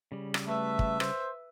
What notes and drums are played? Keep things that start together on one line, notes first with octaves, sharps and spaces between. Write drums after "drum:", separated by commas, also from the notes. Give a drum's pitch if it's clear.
C#3 G3
drum: rim click
A3 B4 E5
drum: kick
C5, drum: rim click